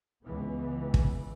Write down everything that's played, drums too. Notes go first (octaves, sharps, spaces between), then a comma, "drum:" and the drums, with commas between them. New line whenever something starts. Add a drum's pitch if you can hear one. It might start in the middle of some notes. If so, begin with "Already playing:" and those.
C#2 E3 B3
drum: kick